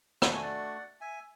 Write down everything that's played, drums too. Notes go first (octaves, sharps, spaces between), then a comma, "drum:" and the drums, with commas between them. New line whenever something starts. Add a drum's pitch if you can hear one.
A3 D4 F#4 F#5, drum: rim click
G#5
D5 F#5
E5 G#5